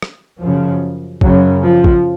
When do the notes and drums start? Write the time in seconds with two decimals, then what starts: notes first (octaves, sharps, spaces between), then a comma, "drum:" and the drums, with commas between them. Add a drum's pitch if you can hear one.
0.02 drum: rim click
0.41 F#2 F3
0.46 C#3
1.21 F#2 C#3 F#3, drum: kick
1.63 F3
1.84 drum: kick